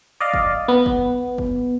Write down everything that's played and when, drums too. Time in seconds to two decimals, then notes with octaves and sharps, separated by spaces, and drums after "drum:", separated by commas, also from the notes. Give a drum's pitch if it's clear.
0.20 D5 D#5 F5
0.34 drum: kick F#1
0.68 B3
0.86 drum: kick F#1
1.38 drum: kick F#1